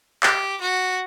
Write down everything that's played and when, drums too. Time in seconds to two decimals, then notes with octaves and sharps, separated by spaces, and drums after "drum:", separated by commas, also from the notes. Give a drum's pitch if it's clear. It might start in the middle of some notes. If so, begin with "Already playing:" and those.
0.23 G4, drum: clap
0.61 F#4